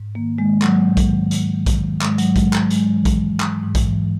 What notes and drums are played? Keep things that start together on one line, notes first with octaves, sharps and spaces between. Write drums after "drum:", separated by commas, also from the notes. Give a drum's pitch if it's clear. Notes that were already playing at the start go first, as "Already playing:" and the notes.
Already playing: G#2
D#3 A#3
D#3 G#3
G#2 F#3, drum: clap
G#2
drum: kick A#1, hi-hat
D#3
G#2, drum: hi-hat
D#3
drum: kick A#1, hi-hat
D#3
G#2 G#3, drum: clap
F#3, drum: hi-hat
G#2
G#3, drum: kick A#1, hi-hat
D#3
F#3, drum: clap
G#2 G#3, drum: hi-hat
E3
drum: kick A#1, hi-hat
E3
G#2, drum: clap
G#2
drum: kick A#1, hi-hat
E3